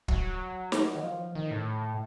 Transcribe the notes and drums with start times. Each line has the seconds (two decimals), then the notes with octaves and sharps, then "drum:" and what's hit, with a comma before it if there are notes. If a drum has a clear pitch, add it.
0.08 F#3, drum: kick
0.72 drum: snare
0.95 D#3
1.03 F3
1.35 D#3
1.51 A2